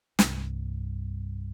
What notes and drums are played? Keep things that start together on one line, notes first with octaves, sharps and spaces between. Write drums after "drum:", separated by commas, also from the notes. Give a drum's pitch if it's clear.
C2 G2, drum: snare